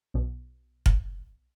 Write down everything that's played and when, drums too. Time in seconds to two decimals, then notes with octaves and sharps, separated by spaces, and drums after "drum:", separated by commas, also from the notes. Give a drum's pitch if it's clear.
0.14 B1 B2
0.86 drum: kick